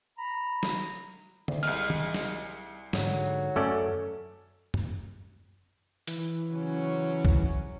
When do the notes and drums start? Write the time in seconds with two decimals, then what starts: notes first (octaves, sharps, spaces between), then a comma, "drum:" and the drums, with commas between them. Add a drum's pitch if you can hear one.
0.19 A#5 B5
0.63 drum: snare
1.48 D2, drum: tom
1.63 C2 G#3 F6, drum: cymbal
1.90 drum: tom
2.14 drum: snare
2.93 G#2 D3 F#3, drum: snare
3.56 F#2 A3 C#4 A4 D5
4.74 drum: tom
6.08 E3, drum: hi-hat
6.51 C#3 F#3 C#4
7.25 drum: kick B1